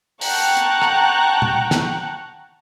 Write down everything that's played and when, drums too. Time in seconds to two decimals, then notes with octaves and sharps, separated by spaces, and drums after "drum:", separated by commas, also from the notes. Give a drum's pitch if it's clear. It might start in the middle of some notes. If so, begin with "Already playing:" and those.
0.21 F#5 G5 A5 A#5 C#6 F#6, drum: open hi-hat
0.57 drum: hi-hat
0.82 drum: rim click
1.42 drum: tom
1.71 drum: snare